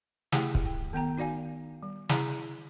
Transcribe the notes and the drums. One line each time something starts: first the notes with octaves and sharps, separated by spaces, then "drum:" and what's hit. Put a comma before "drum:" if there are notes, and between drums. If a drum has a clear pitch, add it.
A3 E4 G4 G#4 F#5 G5, drum: snare
drum: kick
G5
D#3 B3 G5 A#5
D#4 F#4 D5 F5 G#5
G3
E4 G#4 D5 A#5, drum: snare